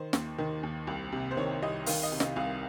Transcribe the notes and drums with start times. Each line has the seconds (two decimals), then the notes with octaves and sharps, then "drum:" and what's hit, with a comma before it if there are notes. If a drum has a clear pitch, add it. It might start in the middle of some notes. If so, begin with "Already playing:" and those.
Already playing: D#3 C5
0.13 D#2, drum: snare
0.38 D#3
0.63 D#2
0.87 C2
1.12 C3
1.31 C5
1.37 D#3 C#5
1.62 C2 D#5
1.86 D#3 F5, drum: open hi-hat
2.03 D#5
2.12 C3
2.20 D#5, drum: snare
2.36 C2 F5